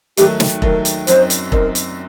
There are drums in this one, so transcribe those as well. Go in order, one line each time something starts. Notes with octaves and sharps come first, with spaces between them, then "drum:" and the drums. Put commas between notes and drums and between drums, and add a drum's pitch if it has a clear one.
D#2 D#3 F#3 A3 G4, drum: hi-hat
drum: snare
D#2 D#3 F#3 A3 A#4, drum: kick E1
drum: hi-hat
F#2 F#3 C4 D#4 C5, drum: hi-hat
drum: hi-hat
F#2 F#3 C4 D#4 A#4, drum: kick E1
drum: hi-hat